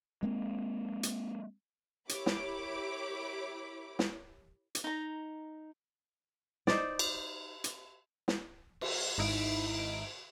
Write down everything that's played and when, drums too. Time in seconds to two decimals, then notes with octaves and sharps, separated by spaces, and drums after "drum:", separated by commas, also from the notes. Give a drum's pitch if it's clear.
0.23 G#3 A#3 C4
1.03 drum: hi-hat
2.09 E4 G4 A#4 C#5 B5 D6, drum: hi-hat
2.26 drum: snare
3.99 drum: snare
4.75 drum: hi-hat
4.84 D#4 A#5
6.67 D#4 C5 D5, drum: snare
6.99 drum: cymbal
7.64 drum: hi-hat
8.28 drum: snare
8.81 drum: cymbal
9.18 G#1 D#4 E4 D7